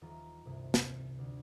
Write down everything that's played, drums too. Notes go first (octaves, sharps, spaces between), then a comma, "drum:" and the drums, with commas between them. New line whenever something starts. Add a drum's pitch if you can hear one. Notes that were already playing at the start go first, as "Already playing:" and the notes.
D#1 E3 F4 A#5
D#1 C2 G2 C3
drum: snare
D2